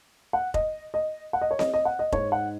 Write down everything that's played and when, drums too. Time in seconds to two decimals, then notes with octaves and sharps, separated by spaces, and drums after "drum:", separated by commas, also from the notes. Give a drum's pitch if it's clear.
0.33 F#5
0.54 D#5, drum: kick F1
0.94 D#5
1.33 F#5
1.41 D#5
1.51 C#5
1.59 D#5, drum: snare C4
1.74 D#5
1.85 F#5
1.99 D#5
2.12 G#2 G#3 D#4 C#5, drum: kick F1
2.32 F#5